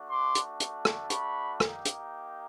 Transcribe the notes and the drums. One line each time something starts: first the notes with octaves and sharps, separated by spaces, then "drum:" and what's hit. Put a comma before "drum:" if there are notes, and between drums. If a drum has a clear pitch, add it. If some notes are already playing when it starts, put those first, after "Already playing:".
Already playing: A3 D4 F#4
C6 D6
drum: hi-hat
drum: hi-hat
drum: rim click
B5 C#6, drum: hi-hat
A#3 D#4 G4, drum: rim click
drum: hi-hat